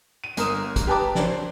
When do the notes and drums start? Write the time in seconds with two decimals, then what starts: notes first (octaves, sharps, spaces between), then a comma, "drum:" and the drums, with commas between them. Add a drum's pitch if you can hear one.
0.24 D#7
0.37 G1 A#4 D#6 E7, drum: hi-hat
0.76 drum: kick, hi-hat
0.87 G4 B4 A5 A#5 D6
1.15 D4 C5, drum: snare